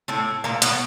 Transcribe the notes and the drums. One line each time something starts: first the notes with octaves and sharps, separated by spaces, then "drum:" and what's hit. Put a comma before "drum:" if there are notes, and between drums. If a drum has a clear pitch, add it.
A2 A3
A#2 A#3
B2 B3, drum: hi-hat